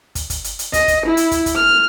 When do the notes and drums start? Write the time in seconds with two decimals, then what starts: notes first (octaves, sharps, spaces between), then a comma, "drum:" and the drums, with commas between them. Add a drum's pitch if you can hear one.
0.15 drum: kick, hi-hat
0.30 drum: kick, hi-hat
0.44 drum: hi-hat
0.59 drum: hi-hat
0.73 D#5, drum: kick, hi-hat
0.88 drum: kick, hi-hat
1.06 E4
1.17 drum: hi-hat
1.31 drum: kick, hi-hat
1.46 drum: kick, hi-hat
1.56 F6